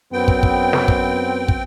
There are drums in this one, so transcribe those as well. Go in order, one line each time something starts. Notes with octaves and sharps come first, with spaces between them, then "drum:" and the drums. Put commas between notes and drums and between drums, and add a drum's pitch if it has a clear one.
F#2 B3 C4 G5
drum: kick
drum: kick
drum: snare
drum: kick
drum: kick